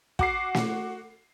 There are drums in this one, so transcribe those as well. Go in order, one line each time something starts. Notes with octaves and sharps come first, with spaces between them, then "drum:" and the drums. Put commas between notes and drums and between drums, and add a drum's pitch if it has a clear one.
F#4 D6 C7, drum: kick
drum: snare